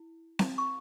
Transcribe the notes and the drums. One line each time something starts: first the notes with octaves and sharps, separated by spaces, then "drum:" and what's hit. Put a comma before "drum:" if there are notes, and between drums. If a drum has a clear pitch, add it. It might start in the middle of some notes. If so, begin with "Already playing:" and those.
Already playing: E4
drum: snare C4
C#6